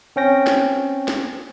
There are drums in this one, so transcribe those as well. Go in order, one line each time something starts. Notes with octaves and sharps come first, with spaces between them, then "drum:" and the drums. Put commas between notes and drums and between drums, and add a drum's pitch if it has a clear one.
C4 C#4 G5 A#6
drum: snare
drum: snare